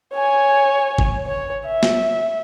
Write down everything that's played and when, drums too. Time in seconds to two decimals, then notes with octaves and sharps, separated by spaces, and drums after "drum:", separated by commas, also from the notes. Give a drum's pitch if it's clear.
0.14 C#5 G#5
0.98 drum: kick G1
1.27 C#5
1.67 E5
1.83 drum: snare